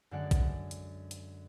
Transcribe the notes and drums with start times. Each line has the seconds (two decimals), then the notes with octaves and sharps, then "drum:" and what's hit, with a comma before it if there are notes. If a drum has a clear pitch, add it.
0.11 F#2 D3 G#3 D5 F#5 F#6
0.31 drum: kick, hi-hat
0.71 drum: hi-hat
1.11 drum: hi-hat